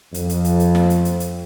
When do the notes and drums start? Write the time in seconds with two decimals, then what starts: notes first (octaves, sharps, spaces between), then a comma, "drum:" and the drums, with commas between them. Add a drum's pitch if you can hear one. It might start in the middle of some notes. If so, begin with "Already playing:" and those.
0.14 F2, drum: hi-hat
0.29 drum: hi-hat
0.45 drum: hi-hat
0.60 drum: hi-hat
0.75 drum: snare
0.90 drum: hi-hat
1.05 drum: hi-hat
1.20 drum: hi-hat